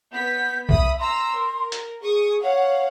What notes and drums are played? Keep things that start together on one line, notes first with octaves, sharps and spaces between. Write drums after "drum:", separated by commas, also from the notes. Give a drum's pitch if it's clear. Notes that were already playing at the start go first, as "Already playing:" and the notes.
B3 G6 B6
E5 B5 D#6, drum: kick B1
A#5 C6 E6
A#4
drum: hi-hat
G#4 C#6 D#6
C#5 F5 F#5